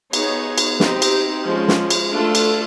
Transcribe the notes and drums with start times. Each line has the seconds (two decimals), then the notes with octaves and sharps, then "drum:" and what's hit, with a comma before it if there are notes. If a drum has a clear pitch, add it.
0.13 B3 D#4 G#4 C#5, drum: cymbal
0.58 drum: cymbal
0.80 C4 D#4 G4, drum: snare
1.02 drum: cymbal
1.46 F3 G#3 C#4
1.68 drum: snare
1.90 drum: cymbal
2.12 A3 D4 F4 A4
2.35 drum: cymbal